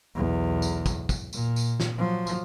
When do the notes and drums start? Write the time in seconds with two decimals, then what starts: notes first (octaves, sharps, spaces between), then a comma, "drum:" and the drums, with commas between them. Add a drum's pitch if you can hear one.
0.15 B1 E2
0.62 drum: tambourine
0.86 drum: kick, tambourine
1.09 drum: kick, tambourine
1.33 A#2, drum: tambourine
1.56 drum: tambourine
1.80 drum: snare
1.97 F3 F#3
2.27 drum: tambourine